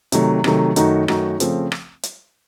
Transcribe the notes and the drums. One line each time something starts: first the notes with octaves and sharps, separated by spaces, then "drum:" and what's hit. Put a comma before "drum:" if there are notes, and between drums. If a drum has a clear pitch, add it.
C3 D#3 F#3 A3, drum: hi-hat
C3 D#3 F#3 A3, drum: rim click
F#2 D#3 A3 D#4 F#4, drum: hi-hat
F#2 D#3 A3 D#4 F#4, drum: rim click
C#3 F3 A3 C4, drum: hi-hat
drum: rim click
drum: hi-hat